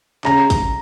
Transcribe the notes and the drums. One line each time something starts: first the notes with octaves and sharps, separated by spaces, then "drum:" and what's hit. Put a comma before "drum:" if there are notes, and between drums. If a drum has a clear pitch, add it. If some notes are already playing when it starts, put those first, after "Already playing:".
C#3 A#5, drum: clap
drum: kick, hi-hat